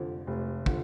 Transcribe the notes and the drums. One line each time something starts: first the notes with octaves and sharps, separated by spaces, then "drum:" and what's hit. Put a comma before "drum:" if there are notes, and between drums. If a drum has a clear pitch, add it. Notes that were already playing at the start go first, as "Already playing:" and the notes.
Already playing: F1 F2 D3 F3
F1
D3 F3, drum: kick